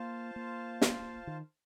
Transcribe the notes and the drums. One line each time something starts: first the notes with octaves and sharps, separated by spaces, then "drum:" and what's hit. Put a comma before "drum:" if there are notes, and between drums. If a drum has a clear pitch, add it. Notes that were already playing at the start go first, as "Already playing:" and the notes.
Already playing: A#3 F4 C5 F5 A5
A#3
drum: snare
D#3